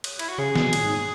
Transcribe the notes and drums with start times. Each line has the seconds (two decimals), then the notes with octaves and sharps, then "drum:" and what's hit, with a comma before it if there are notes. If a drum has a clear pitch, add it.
0.04 drum: cymbal
0.19 E4, drum: cymbal
0.29 F#4
0.38 C#3 G#4
0.55 B2, drum: snare
0.73 A#2, drum: cymbal
0.84 G#2